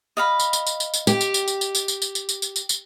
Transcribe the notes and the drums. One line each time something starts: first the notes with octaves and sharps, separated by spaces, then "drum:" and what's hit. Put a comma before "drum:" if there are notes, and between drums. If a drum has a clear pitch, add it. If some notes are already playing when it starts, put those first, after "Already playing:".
D#5 F5 B5
drum: tambourine
drum: tambourine
drum: tambourine
drum: tambourine
drum: tambourine
G4, drum: tambourine
drum: tambourine
drum: tambourine
drum: tambourine
drum: tambourine
drum: tambourine
drum: tambourine
drum: tambourine
drum: tambourine
drum: tambourine
drum: tambourine
drum: tambourine
drum: tambourine